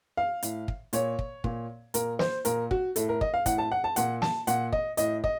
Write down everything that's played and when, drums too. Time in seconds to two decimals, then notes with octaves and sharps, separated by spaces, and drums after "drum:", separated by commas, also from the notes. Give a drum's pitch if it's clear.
0.17 F5
0.43 A2, drum: hi-hat
0.68 drum: kick
0.93 A#2 C#5, drum: hi-hat
1.19 drum: kick
1.44 A#2, drum: kick
1.94 A#2 A#4, drum: hi-hat
2.19 C5, drum: snare
2.45 A#2 A#4, drum: hi-hat
2.71 F#4, drum: kick
2.96 A2 A4, drum: hi-hat
3.09 A#4
3.21 D#5, drum: kick
3.34 F5
3.46 A2 F#5, drum: kick, hi-hat
3.58 A5
3.72 F#5
3.84 A5
3.96 A#2 F#5, drum: hi-hat
4.22 A5, drum: snare
4.47 A#2 F#5, drum: hi-hat
4.72 D#5, drum: kick
4.97 A2 D#5, drum: hi-hat
5.24 D#5, drum: kick